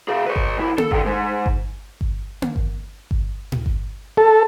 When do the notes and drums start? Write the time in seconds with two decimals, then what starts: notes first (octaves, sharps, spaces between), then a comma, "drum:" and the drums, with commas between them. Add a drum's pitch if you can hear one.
0.08 B2 G#4
0.26 B4 C#5
0.36 drum: kick G1
0.57 C#2 E4
0.78 A4, drum: tom A#3
0.91 D#3 A4, drum: kick G1
1.04 G#2 G#3
1.46 drum: kick G1
2.01 drum: kick G1
2.42 drum: tom A#3
2.56 drum: kick G1
3.11 drum: kick G1
3.52 drum: tom A2
3.66 drum: kick G1
4.17 A4